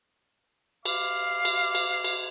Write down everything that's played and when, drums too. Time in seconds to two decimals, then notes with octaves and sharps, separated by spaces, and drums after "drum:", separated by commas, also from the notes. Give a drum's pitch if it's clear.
0.85 F5 D6, drum: cymbal
1.45 drum: cymbal
1.75 drum: cymbal
2.04 drum: cymbal